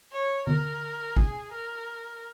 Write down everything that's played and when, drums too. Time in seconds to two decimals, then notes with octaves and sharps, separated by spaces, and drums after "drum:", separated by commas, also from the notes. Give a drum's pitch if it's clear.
0.12 C#5
0.47 A#4, drum: tom D3
1.17 G#4, drum: kick
1.52 A#4